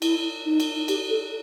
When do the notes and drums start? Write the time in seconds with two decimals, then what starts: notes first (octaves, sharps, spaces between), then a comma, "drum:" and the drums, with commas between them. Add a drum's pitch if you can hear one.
0.02 E4, drum: cymbal
0.45 D#4
0.60 drum: cymbal
0.88 G4, drum: cymbal
1.10 A4